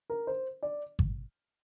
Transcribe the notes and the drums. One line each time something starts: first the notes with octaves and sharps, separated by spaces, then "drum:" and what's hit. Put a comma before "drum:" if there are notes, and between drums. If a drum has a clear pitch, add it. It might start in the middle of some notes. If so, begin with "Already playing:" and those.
A#4
C5
D5
drum: kick G#1